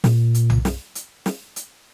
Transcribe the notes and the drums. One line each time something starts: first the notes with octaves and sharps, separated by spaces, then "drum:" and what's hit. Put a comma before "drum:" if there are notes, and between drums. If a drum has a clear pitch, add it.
A#2, drum: snare
drum: hi-hat
drum: tom B1
drum: snare
drum: hi-hat
drum: snare
drum: hi-hat